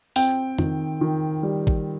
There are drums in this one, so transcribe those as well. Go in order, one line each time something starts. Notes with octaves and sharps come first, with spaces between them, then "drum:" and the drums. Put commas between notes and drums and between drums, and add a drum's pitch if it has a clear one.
C4 G5, drum: open hi-hat
D#3, drum: tom F2
D#3
G3
drum: kick G#1